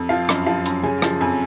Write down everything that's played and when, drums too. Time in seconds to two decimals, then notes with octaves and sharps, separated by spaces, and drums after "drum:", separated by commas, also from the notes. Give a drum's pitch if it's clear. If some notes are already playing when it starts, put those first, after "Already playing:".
Already playing: F2
0.09 F3 F5
0.29 F#2, drum: rim click
0.46 F3 F5
0.66 F#2, drum: hi-hat
0.83 C#3 G#5
1.02 F3, drum: rim click
1.21 F2 G#5